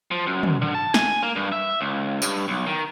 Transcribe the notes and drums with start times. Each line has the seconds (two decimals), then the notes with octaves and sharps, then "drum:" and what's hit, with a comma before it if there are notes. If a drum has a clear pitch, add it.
0.11 F3
0.26 F#2
0.43 drum: tom
0.62 D3
0.74 A5
0.94 G#5, drum: snare
1.23 A#3
1.36 G2
1.52 E5
1.81 C#2
2.22 G2, drum: tambourine
2.48 B1
2.67 D#3